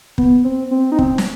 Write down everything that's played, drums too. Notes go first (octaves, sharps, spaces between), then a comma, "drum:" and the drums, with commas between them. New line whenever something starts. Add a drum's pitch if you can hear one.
B3, drum: kick
C4
C4
D#4
C4, drum: kick
drum: snare